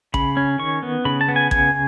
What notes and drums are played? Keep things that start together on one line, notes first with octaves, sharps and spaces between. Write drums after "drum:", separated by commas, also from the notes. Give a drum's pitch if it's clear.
C#3 B5, drum: kick A1
C#4
D#3 C#6
B3
C#3 B5
A5
B3
G#5
C#3 G#5, drum: kick A1